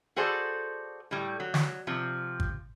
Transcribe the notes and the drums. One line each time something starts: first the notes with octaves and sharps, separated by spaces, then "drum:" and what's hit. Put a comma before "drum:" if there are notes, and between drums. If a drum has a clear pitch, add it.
F#4 G#4 A4 C5 D5
A2 G3
F#3
drum: snare
C3 F3
drum: kick